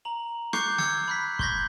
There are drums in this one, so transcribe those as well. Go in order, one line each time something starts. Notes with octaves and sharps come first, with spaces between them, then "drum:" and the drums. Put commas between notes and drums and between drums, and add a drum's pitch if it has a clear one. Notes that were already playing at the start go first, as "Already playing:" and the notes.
A#5 F#7
C#6 D6 F#6 G6 C7 C#7, drum: rim click
E6 G#6 C#7, drum: snare
B5 F#6 B6
C6 C#6 G6 G#6 A#6 B6, drum: kick